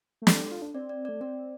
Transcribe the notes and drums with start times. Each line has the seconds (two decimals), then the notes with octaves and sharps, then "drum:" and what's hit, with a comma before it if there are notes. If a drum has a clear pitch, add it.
0.22 A3
0.27 C4 A4, drum: snare
0.39 G4
0.51 F4
0.62 D4
0.74 C4 D5
0.89 D5
1.05 A3 D5
1.21 C4 D5